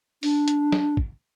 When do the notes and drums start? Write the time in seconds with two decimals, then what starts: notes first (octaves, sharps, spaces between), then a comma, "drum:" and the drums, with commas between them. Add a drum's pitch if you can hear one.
0.23 D4, drum: open hi-hat
0.48 drum: hi-hat
0.72 drum: snare
0.97 drum: kick